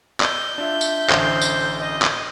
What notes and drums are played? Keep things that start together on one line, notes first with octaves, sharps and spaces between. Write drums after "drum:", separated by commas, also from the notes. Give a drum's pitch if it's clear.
D5 D#5 E6 G6, drum: clap
D4 F4 E5
drum: tambourine
A1 D3 C5 D#6, drum: clap
drum: tambourine
D#5
drum: clap